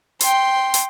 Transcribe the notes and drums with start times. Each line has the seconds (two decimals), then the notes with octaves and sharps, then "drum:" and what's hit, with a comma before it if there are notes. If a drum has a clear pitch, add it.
0.21 G5 C6, drum: hi-hat
0.74 drum: hi-hat